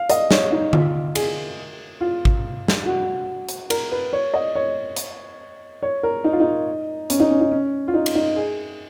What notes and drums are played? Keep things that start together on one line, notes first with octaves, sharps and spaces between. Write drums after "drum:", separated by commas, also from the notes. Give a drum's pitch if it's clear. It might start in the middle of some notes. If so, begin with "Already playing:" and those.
Already playing: F5
D#5, drum: hi-hat
C#5, drum: snare
D#4
F4, drum: tom D3
G#4, drum: cymbal
F4
drum: kick G#1
drum: snare
F#4
drum: hi-hat
A#4, drum: cymbal
B4
C#5
D#5
C#5
drum: hi-hat
C#5
A#4
D#4
F4
D#4
C#4, drum: hi-hat
D#4
C#4
D#4
C#4
F4
D#4
drum: cymbal
D#4
G#4